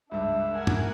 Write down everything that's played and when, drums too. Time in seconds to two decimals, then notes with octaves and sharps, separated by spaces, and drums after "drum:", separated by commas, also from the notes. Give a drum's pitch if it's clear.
0.11 C#2 G2 D4 E5
0.52 A#4 F#5 G#5
0.67 drum: tom